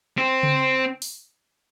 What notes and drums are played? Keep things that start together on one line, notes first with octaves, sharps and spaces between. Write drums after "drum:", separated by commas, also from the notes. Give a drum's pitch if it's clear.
C4
drum: tom C#3
drum: open hi-hat